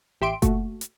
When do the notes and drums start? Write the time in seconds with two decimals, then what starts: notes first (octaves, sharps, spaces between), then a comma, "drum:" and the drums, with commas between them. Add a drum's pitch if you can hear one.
0.21 A1 G4 E5 C6 D7
0.42 A#2 A3 F#4, drum: kick F#1, hi-hat
0.81 drum: hi-hat